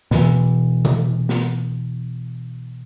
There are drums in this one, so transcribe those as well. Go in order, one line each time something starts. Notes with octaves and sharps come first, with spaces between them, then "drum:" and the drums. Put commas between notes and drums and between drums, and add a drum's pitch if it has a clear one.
B2 E3, drum: snare
drum: tom C3
drum: snare